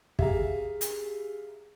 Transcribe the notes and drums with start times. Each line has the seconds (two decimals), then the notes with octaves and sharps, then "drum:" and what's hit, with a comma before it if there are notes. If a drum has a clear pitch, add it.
0.19 G4 G#4 E5 F5 A#5, drum: kick
0.81 drum: hi-hat